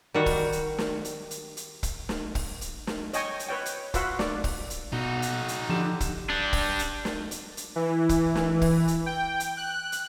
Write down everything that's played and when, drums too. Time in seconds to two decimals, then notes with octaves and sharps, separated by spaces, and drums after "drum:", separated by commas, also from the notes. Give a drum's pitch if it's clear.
0.14 D#3 G3 F#4
0.26 drum: kick, open hi-hat
0.52 drum: hi-hat
0.78 drum: snare
1.05 drum: hi-hat
1.31 drum: hi-hat
1.57 drum: hi-hat
1.83 drum: kick, hi-hat
2.09 drum: snare
2.35 drum: kick, open hi-hat
2.61 drum: hi-hat
2.87 drum: snare
3.13 C#5 D#5 G5 G#5 C#6, drum: hi-hat
3.39 drum: hi-hat
3.49 B4 C#5 G5
3.66 drum: hi-hat
3.94 F4 F#4 B4 E5 F#5 C6, drum: kick, hi-hat
4.19 D5, drum: snare
4.44 drum: kick, open hi-hat
4.70 drum: hi-hat
4.92 B2 D#4 F#4
5.22 drum: hi-hat
5.48 drum: hi-hat
5.69 D3 F3 G4 E7
6.00 drum: kick, hi-hat
6.30 D4 G4
6.53 drum: kick, open hi-hat
6.79 drum: hi-hat
7.05 drum: snare
7.31 drum: hi-hat
7.57 drum: hi-hat
7.76 E3
8.09 drum: kick, hi-hat
8.35 drum: snare
8.62 drum: kick, open hi-hat
8.88 drum: hi-hat
9.06 G5
9.40 drum: hi-hat
9.57 F#6
9.92 drum: hi-hat